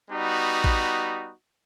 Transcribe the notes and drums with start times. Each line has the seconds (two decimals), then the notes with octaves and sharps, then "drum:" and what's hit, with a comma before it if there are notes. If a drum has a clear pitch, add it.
0.11 G3 B3 D#4 F#4
0.64 drum: kick A1